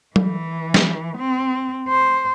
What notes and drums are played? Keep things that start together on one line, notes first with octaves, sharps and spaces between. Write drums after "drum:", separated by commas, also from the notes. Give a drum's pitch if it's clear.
E3, drum: tom F#3
drum: snare
C4
C5